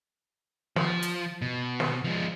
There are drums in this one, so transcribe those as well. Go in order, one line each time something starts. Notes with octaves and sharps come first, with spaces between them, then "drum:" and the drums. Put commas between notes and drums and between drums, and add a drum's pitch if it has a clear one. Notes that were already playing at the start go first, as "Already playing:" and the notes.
F3, drum: snare
drum: hi-hat
B2
drum: snare
F3 G#3